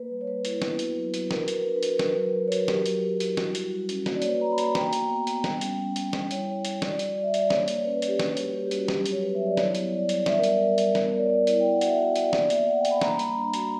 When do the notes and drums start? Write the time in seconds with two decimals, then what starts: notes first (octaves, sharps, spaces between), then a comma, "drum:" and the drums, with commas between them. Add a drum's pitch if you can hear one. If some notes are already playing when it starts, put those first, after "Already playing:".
Already playing: A#3 B4
0.10 G3
0.21 C#5
0.27 A#3 B4
0.45 E4, drum: hi-hat
0.62 B3, drum: snare
0.79 F#4, drum: hi-hat
0.96 F#3
1.14 F#4, drum: hi-hat
1.31 F#4 A#4, drum: snare
1.40 B4
1.48 F#4 A#4, drum: hi-hat
1.58 B4
1.66 D4 A#4
1.76 B4
1.83 F#4 A#4, drum: hi-hat
1.95 B4
1.99 F#3 A#4, drum: snare
2.13 F#3 B4
2.22 A#4
2.34 F#4
2.48 C#5
2.52 F#4 B4, drum: hi-hat
2.61 A#4
2.68 F#3 G4, drum: snare
2.86 F#3, drum: hi-hat
3.03 F#3
3.20 E4, drum: hi-hat
3.37 G3 F#4, drum: snare
3.55 G3, drum: hi-hat
3.72 G3
3.89 C#4, drum: hi-hat
4.06 A#3 F#4, drum: snare
4.14 D5
4.22 A#3 C#5, drum: hi-hat
4.29 B4
4.41 A#3 A#5
4.52 B5
4.58 A#3, drum: hi-hat
4.64 A#5
4.75 F#4 G5, drum: snare
4.86 A#5
4.93 B3, drum: hi-hat
5.10 B3
5.27 B3, drum: hi-hat
5.44 G3 G5, drum: snare
5.61 C#4, drum: hi-hat
5.79 G3
5.96 G3, drum: hi-hat
6.13 G3 G5, drum: snare
6.31 E4 C#5, drum: hi-hat
6.47 G3 C#5
6.65 G3, drum: hi-hat
6.82 F#4 D5, drum: snare
6.99 G3, drum: hi-hat
7.16 G3 D5
7.23 E5
7.28 D5
7.34 G3, drum: hi-hat
7.40 D5
7.50 A#3 C#5, drum: snare
7.62 D5
7.68 A#3, drum: hi-hat
7.73 C#5
7.85 C#4 B4
7.97 B4
8.02 A#3, drum: hi-hat
8.08 G4
8.20 F#4 B4, drum: snare
8.31 C#5
8.37 G3, drum: hi-hat
8.54 C#4 G4
8.66 G4
8.71 G3, drum: hi-hat
8.77 F#4
8.88 F#3 G4, drum: snare
9.06 F#4, drum: hi-hat
9.12 C#5
9.23 B3 B4
9.35 E5
9.40 F#3
9.46 D5
9.57 E4 C#5, drum: snare
9.75 B3, drum: hi-hat
9.92 G3 D5
10.09 B3, drum: hi-hat
10.20 D5
10.26 G3 E5, drum: snare
10.38 A#4
10.44 G3, drum: hi-hat
10.50 A#4
10.61 G3 A#4
10.78 B3, drum: hi-hat
10.95 B3 A#4, drum: snare
11.07 A#4
11.12 B3 D5
11.18 C#5
11.30 B3 D5
11.47 E4, drum: hi-hat
11.60 B3 G5
11.73 F#5
11.81 F#4 E5, drum: hi-hat
11.98 F#4 D5
12.16 B3 D5, drum: hi-hat
12.33 A#3 D5, drum: snare
12.50 A#3 E5, drum: hi-hat
12.67 A#3 F#5
12.79 G5
12.85 A#3, drum: hi-hat
12.91 B5
13.01 A#3 A#5, drum: snare
13.13 B5
13.19 G3 A#5, drum: hi-hat
13.36 D4
13.54 F#4, drum: hi-hat